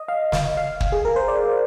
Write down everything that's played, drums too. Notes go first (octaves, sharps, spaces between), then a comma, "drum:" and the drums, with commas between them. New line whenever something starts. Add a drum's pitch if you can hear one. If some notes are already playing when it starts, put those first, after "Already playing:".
Already playing: D#5
F5
F5, drum: snare
F5
drum: kick
G#4
A#4
C5
D5